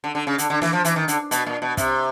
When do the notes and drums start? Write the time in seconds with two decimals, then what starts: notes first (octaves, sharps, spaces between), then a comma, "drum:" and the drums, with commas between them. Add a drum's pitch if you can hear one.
0.04 D3
0.15 D3
0.27 C#3
0.38 D3, drum: hi-hat
0.50 D3
0.62 E3, drum: snare
0.73 F3
0.85 E3, drum: hi-hat
0.96 D#3
1.08 D3, drum: hi-hat
1.31 B2, drum: hi-hat
1.47 A#2
1.62 B2
1.77 C3, drum: kick, hi-hat